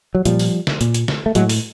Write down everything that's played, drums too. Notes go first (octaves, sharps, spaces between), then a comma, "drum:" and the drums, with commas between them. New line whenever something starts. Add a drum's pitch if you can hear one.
F#3
A#2 F3 G3, drum: hi-hat
drum: open hi-hat
drum: snare
A#2, drum: hi-hat
drum: hi-hat
drum: snare
A3
A2 F#3 G#3, drum: hi-hat
drum: open hi-hat